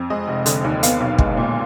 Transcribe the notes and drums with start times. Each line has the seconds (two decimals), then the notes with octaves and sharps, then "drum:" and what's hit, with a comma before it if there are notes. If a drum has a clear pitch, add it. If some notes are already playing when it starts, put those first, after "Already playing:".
Already playing: F2
0.10 G#3 D#5
0.28 F1
0.46 D3, drum: hi-hat
0.64 D#2
0.83 B3 F5, drum: hi-hat
1.00 B1
1.18 G#3, drum: kick
1.37 A#2